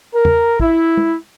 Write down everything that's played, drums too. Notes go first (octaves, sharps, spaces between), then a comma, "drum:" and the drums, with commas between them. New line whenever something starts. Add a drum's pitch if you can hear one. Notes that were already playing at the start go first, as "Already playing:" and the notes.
A#4
drum: tom E2
E4, drum: kick
drum: tom